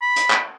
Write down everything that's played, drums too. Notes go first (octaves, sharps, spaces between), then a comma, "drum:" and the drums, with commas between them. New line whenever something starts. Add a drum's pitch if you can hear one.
B5
drum: hi-hat
drum: clap